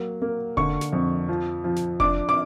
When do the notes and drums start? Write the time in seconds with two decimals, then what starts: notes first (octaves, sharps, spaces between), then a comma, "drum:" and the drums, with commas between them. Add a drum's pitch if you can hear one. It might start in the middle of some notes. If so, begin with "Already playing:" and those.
Already playing: F#3 A#3
0.22 A#3
0.57 D3 C#6, drum: kick F1
0.81 drum: snare
0.93 F2
1.29 F3
1.64 F3
1.76 drum: snare
2.00 D4 D6, drum: kick F1
2.29 D6